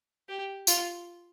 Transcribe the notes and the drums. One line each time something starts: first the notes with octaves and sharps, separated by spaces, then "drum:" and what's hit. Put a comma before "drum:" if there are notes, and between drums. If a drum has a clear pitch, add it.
G4
F4, drum: tambourine